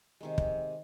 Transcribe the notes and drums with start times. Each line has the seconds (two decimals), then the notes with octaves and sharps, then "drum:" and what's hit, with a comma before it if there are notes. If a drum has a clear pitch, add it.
0.21 C3 D#3 G#3
0.38 drum: kick